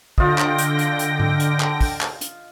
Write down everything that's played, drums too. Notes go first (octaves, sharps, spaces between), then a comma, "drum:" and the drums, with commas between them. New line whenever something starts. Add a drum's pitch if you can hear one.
D3 F4 D#5 G5 A#6, drum: kick
drum: clap
drum: hi-hat
drum: hi-hat
drum: hi-hat
drum: tom G#2
drum: hi-hat
drum: clap
drum: kick, open hi-hat
drum: clap
drum: hi-hat